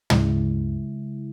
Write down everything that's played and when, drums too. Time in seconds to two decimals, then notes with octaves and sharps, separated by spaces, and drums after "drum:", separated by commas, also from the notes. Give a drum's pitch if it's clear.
0.10 C#3 G#3 E4, drum: tom